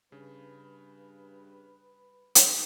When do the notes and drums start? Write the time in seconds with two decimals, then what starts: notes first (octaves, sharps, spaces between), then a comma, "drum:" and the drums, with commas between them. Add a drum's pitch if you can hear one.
0.12 G2 C#3 B4
2.35 drum: hi-hat